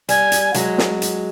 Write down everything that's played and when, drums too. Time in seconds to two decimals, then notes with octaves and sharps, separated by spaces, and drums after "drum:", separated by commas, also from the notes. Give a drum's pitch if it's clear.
0.09 G3 G#5, drum: hi-hat
0.32 drum: hi-hat
0.54 F#3 G#3, drum: hi-hat
0.78 drum: snare
1.02 drum: hi-hat